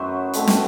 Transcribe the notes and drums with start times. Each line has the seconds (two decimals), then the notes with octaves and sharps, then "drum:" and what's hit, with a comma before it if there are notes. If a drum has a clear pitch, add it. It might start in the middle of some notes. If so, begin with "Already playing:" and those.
Already playing: F#2 F#3 B3 C5
0.33 B2 A3 C4, drum: hi-hat
0.47 drum: snare